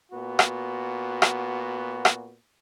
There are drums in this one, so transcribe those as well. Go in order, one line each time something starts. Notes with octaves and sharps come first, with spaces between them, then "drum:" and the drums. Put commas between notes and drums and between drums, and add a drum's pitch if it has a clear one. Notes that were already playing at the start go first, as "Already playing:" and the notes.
A#2 B3 F#4
drum: rim click
drum: rim click
drum: rim click